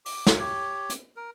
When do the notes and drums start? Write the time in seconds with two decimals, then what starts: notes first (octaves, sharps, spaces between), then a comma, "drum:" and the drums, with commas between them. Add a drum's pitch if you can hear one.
0.06 D6, drum: open hi-hat
0.27 drum: snare
0.39 G4 C#5
0.90 drum: hi-hat
1.16 A#4